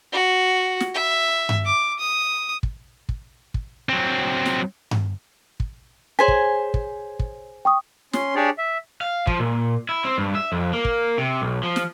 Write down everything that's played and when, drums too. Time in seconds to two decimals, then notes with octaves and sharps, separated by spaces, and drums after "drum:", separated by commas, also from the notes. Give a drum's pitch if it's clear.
0.13 F#4
0.80 drum: snare
0.95 E5
1.49 drum: tom G2
1.65 D6
1.99 D#6
2.63 drum: kick
3.09 drum: kick
3.54 drum: kick
3.89 F#3 C4
4.46 drum: snare
4.91 drum: tom G2
5.60 drum: kick
6.19 G#4 C5 C#5 G#5 G#6 B6
6.28 drum: kick
6.74 drum: kick
7.19 drum: kick
7.65 G5 C#6 D#6
8.13 C#4 C6, drum: snare
8.35 D4 G4 G#4 C#5 D5
8.58 E5
9.01 F5
9.27 F3, drum: kick
9.39 A#2
9.89 E4
10.05 C4
10.18 G2
10.35 E5
10.52 F2
10.73 A#3
10.85 drum: kick
11.18 C3
11.42 B1
11.63 F3
11.76 drum: snare